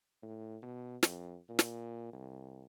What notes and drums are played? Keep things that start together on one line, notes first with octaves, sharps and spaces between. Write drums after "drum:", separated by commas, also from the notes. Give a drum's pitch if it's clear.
A2
B2
F2, drum: snare
A#2
drum: snare
C2